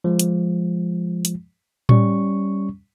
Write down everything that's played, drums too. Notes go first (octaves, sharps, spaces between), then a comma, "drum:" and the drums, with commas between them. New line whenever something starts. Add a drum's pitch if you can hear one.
F3 G#3
drum: hi-hat
drum: hi-hat
G3 C#4 C#6, drum: tom A2